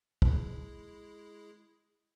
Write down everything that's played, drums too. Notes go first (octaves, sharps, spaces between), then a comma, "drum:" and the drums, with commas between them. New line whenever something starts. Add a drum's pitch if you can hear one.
G#3 E4 G#4, drum: kick